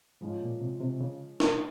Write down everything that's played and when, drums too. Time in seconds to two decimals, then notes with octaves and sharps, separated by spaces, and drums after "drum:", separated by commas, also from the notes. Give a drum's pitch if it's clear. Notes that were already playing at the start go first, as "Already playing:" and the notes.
0.21 G#2 F3 G#3 C#4 F4
0.42 A#2
0.61 C3
0.81 C3
1.01 C#3
1.40 drum: snare